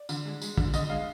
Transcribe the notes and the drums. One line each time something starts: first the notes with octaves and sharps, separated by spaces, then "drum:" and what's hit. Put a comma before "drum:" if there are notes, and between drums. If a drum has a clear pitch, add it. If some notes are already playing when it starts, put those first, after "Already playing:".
Already playing: D5
D3, drum: tambourine
G#3
G#3, drum: tambourine
D3, drum: kick
D3 D#5, drum: tambourine
G#3 F5